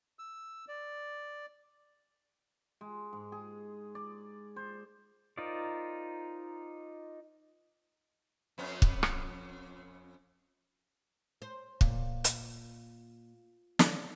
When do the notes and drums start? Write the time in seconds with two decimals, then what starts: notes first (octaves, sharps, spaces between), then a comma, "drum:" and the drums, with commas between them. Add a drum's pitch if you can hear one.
0.19 E6
0.68 D5
2.81 G#3
3.13 G#2
3.32 G#4
3.95 D5
4.56 C5
5.38 D#4 F4 A#4 C5 D5
8.58 F2 B3 C#4
8.82 drum: kick
9.03 drum: rim click
11.42 C5
11.81 A#2, drum: kick
12.24 drum: hi-hat
13.79 D5, drum: snare